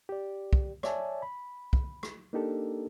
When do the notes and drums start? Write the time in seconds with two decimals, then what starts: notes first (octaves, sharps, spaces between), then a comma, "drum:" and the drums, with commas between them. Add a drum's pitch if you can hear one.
0.09 G4 D5
0.53 drum: kick
0.83 C#5 D5 E5 G#5 A5, drum: rim click
1.22 B5
1.73 drum: kick
2.03 drum: rim click
2.33 A#3 D4 D#4 G4 A4 A#4